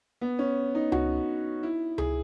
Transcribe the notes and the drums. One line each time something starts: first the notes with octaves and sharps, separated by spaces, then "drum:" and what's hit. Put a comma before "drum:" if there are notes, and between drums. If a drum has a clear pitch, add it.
B3
C#4
D#4
F#4, drum: tom C#2
E4
G#4, drum: tom C#2